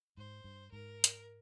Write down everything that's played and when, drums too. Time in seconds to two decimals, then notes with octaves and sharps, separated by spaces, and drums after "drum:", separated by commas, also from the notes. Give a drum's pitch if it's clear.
0.17 G#2 C5
0.44 G2
0.72 G#2 A#4
1.04 drum: hi-hat